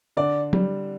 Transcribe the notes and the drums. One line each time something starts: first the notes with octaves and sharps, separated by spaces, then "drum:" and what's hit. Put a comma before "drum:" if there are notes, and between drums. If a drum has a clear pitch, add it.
D3 D5
G3, drum: tom